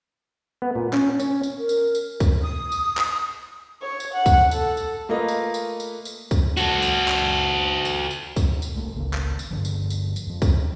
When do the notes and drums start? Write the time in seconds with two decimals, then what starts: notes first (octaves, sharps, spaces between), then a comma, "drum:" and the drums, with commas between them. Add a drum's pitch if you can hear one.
0.62 B3
0.75 A#2
0.93 C#4, drum: clap
1.20 C#4, drum: tambourine
1.43 drum: tambourine
1.59 A#4
1.69 drum: tambourine
1.95 drum: tambourine
2.20 drum: kick C2, tambourine
2.42 D#6
2.72 drum: tambourine
2.97 drum: clap
3.82 C#5
4.00 drum: tambourine
4.14 F#5
4.26 drum: kick C2, tambourine
4.51 A4, drum: tambourine
4.77 drum: tambourine
5.09 A3 A#3 F4 B4 D#5
5.28 drum: tambourine
5.54 drum: tambourine
5.80 drum: tambourine
6.05 drum: tambourine
6.31 drum: kick C2, tambourine
6.57 F#4 A4, drum: tambourine
6.82 drum: tambourine
7.08 drum: clap
7.85 drum: tambourine
8.11 drum: tambourine
8.36 drum: kick C2, tambourine
8.62 drum: tambourine
8.74 D#1 C2 A3 A#3
8.95 G#1 C#2 C#3 A#3
9.13 drum: clap
9.39 drum: tambourine
9.51 G2 D3 F3
9.65 drum: tambourine
9.90 drum: tambourine
10.16 drum: tambourine
10.26 F2 F3
10.42 drum: kick C2, tambourine